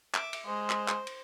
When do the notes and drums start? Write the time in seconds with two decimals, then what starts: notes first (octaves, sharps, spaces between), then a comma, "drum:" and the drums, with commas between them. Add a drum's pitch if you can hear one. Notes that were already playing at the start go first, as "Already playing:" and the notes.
0.14 E5 D6, drum: clap
0.33 drum: cymbal
0.47 G#3 C5
0.70 drum: clap
0.88 drum: clap
1.07 drum: cymbal